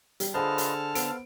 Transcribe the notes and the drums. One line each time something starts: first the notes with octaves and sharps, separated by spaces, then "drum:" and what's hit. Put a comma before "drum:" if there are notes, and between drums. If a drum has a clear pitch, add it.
G3, drum: hi-hat
D3 F4 G#4 B4 C5 D#5 A5 F6
drum: hi-hat
B3 A4 C5 F5 D7, drum: hi-hat